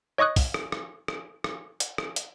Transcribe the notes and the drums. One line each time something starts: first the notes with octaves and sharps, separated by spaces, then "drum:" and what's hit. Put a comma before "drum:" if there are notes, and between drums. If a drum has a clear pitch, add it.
C#5 D#5 C#6 D#6 F#6
drum: kick, open hi-hat
drum: rim click
drum: rim click
drum: rim click
drum: rim click
drum: hi-hat
drum: rim click
drum: hi-hat